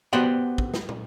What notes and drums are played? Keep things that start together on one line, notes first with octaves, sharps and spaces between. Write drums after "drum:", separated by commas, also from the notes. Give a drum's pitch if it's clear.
B3 F#4 G4 C5 D5 F#5
drum: kick
drum: snare
drum: tom